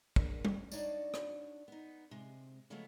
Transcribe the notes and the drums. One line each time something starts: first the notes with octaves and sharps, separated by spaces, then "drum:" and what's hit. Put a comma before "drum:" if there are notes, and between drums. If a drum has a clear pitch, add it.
D3 A#3 G#4 A#4 B4, drum: kick
G2 F#3, drum: tom G3
D4 D#4 F#4 C#5 D5, drum: tambourine
drum: rim click
B3 D#4
C3 G#3
C#3 F3 F#3 G#3 A3 B3